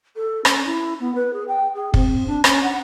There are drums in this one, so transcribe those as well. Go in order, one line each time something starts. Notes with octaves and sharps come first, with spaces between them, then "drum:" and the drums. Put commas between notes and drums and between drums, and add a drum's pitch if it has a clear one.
A4
C#4, drum: rim click
E4
B3
B4
G#4
G5
G#4
C4, drum: kick
D4
C#4, drum: rim click
F#5